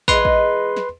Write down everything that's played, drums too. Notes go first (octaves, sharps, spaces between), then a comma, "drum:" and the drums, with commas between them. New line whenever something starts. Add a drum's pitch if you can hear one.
E3 G#3 D#4 B4 C6, drum: kick
drum: kick
drum: snare